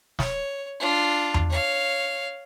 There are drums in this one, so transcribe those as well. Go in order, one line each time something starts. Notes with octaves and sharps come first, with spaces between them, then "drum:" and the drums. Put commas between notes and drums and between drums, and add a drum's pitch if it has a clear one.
C#5, drum: snare
D4 F4
drum: tom E2
C#5 F5